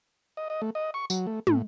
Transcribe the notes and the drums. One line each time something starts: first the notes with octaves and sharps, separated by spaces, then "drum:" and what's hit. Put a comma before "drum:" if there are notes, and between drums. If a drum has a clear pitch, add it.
D#5
D#5
A3
D#5
C#6
F#3, drum: tambourine
A3
A2, drum: tom